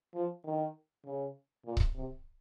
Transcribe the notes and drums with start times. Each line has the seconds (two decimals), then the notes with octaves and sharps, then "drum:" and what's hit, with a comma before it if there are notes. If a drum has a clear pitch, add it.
0.15 F3
0.44 D#3
1.05 C#3
1.65 A#2
1.77 drum: kick C#1
1.95 C3